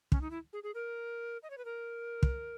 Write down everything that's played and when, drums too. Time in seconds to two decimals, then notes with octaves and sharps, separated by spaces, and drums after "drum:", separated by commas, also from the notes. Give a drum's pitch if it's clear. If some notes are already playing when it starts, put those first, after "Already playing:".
0.12 C#4, drum: kick
0.21 D#4
0.31 E4
0.53 G#4
0.63 G#4
0.75 A#4
1.43 D#5
1.50 C#5
1.58 B4
1.65 A#4
2.23 drum: kick